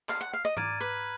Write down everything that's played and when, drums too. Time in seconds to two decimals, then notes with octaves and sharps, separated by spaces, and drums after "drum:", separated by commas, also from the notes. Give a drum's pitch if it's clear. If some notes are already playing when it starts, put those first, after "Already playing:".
0.09 F5, drum: clap
0.21 F#5
0.33 F5
0.45 D#5
0.57 D5 A#5 F6 G#6 D#7, drum: tom
0.81 B4